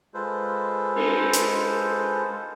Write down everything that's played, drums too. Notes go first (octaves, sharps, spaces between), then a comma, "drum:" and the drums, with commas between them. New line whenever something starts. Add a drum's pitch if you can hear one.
G#3 F4 A4 B4 C5
drum: cymbal
drum: hi-hat